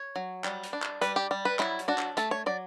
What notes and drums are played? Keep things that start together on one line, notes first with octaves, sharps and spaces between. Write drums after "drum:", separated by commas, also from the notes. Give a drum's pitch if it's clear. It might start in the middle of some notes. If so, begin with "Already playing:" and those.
Already playing: C#5
F#3
G3, drum: clap
drum: hi-hat
D4
drum: clap
G3 B4, drum: hi-hat
G4
G3
B4
F#3 E4, drum: clap
drum: hi-hat
D4 F#4
drum: clap
A3 A4, drum: hi-hat
C#5
F#3 D5